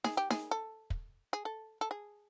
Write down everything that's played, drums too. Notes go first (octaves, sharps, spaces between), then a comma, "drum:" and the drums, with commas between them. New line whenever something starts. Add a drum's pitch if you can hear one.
G#4, drum: snare D#4
G4
G#4, drum: snare D#4
A4
drum: kick
G#4
A4
A4
G#4